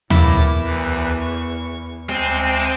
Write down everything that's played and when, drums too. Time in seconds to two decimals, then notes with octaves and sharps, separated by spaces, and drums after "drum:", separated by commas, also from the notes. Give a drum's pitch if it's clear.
0.10 E2 A2 A#3 E4 D6 E6, drum: tom D#2
0.64 D2 E3
1.21 C#6
2.10 D2 G#3 C4 G#5